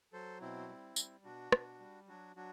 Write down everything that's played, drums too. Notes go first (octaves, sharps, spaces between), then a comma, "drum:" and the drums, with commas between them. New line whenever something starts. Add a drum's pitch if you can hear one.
F#3 A4 C5
B2 C4 E4
G3
G3, drum: tambourine
B2 D4 F#4
B2, drum: rim click
G3
F#3 D4 F#4
F#3 D4 F#4